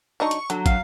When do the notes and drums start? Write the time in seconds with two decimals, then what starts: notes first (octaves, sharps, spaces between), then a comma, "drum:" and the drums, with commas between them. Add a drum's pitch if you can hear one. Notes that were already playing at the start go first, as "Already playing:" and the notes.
0.20 F#3 D4 D#4 C#6
0.31 drum: hi-hat
0.50 D3 F#3, drum: hi-hat
0.66 F5, drum: kick, hi-hat